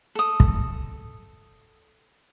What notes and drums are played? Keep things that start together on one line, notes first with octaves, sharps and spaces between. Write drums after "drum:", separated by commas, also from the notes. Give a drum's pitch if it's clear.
A4 D#6
drum: kick